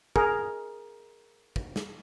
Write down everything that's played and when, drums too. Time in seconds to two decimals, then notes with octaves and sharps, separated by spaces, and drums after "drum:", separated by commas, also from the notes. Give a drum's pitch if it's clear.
0.16 G#4 A#4, drum: kick
1.56 drum: kick
1.76 drum: snare